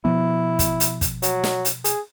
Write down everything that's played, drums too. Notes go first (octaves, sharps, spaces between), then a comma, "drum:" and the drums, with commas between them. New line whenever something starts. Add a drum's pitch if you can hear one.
B2 F3 B3 E4
drum: kick, hi-hat
drum: hi-hat
drum: kick, hi-hat
F#3, drum: hi-hat
drum: snare
drum: hi-hat
G#4, drum: hi-hat